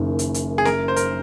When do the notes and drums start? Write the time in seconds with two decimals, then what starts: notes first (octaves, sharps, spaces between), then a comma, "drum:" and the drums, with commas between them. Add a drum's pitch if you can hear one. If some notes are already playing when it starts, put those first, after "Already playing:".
Already playing: F#1 F#2 D#3
0.19 drum: hi-hat
0.34 drum: hi-hat
0.58 G#4
0.65 A#4, drum: snare
0.88 C5
0.96 A#4, drum: hi-hat